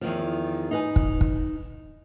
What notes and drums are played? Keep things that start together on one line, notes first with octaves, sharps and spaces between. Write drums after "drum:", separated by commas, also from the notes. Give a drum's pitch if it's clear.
E2 D#3 F3
D#4 B4 G#5
drum: kick
drum: kick